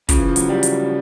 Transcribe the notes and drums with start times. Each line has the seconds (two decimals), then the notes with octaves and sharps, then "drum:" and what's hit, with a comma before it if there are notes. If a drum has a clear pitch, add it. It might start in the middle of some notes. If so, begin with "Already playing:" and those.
0.09 C#3 F3, drum: kick, hi-hat
0.19 E3
0.28 F3
0.36 F#3, drum: hi-hat
0.49 G3
0.63 drum: hi-hat